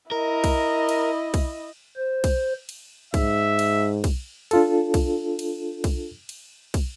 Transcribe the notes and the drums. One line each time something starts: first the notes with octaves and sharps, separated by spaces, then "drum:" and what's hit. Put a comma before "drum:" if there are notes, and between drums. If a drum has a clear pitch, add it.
E4 A#4 D#5
drum: kick, cymbal
drum: cymbal
drum: kick, cymbal
C5
drum: kick, cymbal
drum: cymbal
G#2 E5, drum: kick, cymbal
drum: cymbal
drum: kick, cymbal
D4 F4 A4, drum: cymbal
drum: kick, cymbal
drum: cymbal
drum: kick, cymbal
drum: cymbal
drum: kick, cymbal